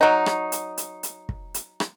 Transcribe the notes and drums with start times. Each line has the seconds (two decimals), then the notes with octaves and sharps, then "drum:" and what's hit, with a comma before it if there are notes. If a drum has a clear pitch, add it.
0.01 F#3 D#4
0.26 drum: rim click
0.52 drum: hi-hat
0.78 drum: hi-hat
1.03 drum: hi-hat
1.29 drum: kick
1.54 drum: hi-hat
1.80 drum: rim click